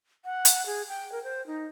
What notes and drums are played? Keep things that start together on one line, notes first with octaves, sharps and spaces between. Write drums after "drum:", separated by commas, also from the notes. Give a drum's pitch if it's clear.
F#5
drum: hi-hat
G#4
G5
A#4
C5
D#4